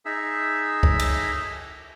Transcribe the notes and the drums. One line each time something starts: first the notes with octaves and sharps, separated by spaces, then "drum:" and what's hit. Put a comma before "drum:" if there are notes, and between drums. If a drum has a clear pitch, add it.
D#4 G#4 E5
drum: kick
drum: cymbal